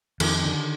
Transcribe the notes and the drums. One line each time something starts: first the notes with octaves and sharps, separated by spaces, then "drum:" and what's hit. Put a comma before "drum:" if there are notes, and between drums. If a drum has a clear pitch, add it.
F2 D#3, drum: cymbal
D3